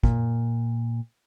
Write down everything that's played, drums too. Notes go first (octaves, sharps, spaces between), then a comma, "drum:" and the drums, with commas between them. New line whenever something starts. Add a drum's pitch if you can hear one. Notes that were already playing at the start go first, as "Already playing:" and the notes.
A#2, drum: kick